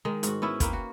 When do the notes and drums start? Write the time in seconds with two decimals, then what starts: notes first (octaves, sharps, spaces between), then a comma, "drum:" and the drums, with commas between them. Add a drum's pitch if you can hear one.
0.05 D#3 G#3
0.23 G#2 F#4, drum: hi-hat
0.42 B3 C#4 E4
0.60 A#3 B4 F5 G5, drum: kick, hi-hat
0.73 F#4